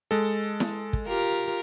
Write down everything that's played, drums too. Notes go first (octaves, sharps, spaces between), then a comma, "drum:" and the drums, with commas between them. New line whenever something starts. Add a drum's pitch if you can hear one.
G#3 A4
drum: snare E4
drum: kick
F4 G4 A#4